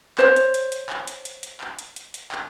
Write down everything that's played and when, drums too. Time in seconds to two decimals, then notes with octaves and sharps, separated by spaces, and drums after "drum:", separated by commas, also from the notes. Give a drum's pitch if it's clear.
0.19 C5 C#5, drum: clap
0.36 drum: hi-hat
0.54 drum: hi-hat
0.72 drum: hi-hat
0.90 drum: clap
1.07 drum: hi-hat
1.25 drum: hi-hat
1.43 drum: hi-hat
1.61 drum: clap
1.79 drum: hi-hat
1.96 drum: hi-hat
2.14 drum: hi-hat
2.32 drum: clap